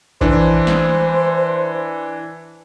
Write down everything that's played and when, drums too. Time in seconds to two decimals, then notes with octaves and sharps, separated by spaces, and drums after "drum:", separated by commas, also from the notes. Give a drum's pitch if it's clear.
0.21 E3 D4 C5, drum: kick A1
0.67 drum: snare